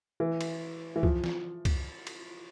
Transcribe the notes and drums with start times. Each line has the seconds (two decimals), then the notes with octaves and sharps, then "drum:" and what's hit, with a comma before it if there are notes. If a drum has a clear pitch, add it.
0.20 E3
0.41 drum: cymbal
0.96 E3
1.03 F3, drum: kick C2
1.24 drum: snare
1.65 drum: kick C2, cymbal
2.07 drum: cymbal